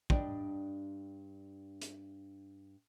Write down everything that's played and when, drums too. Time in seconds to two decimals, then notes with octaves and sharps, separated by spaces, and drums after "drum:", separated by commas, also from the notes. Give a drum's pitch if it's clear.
0.10 G2 D4 D5 D#5 G5, drum: kick
1.82 drum: hi-hat